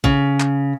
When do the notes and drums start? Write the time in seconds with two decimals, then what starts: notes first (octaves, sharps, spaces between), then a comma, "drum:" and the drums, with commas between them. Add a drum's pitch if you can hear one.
0.04 C#3, drum: kick A#1
0.40 drum: clap